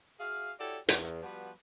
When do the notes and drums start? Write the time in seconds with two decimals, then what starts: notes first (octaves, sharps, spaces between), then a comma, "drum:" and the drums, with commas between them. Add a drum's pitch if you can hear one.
0.20 F#4 G#4 E5 F5
0.60 E4 F#4 G4 A4 C#5 D5
0.89 E2, drum: hi-hat
1.22 F3 G3 B3 F#4 B4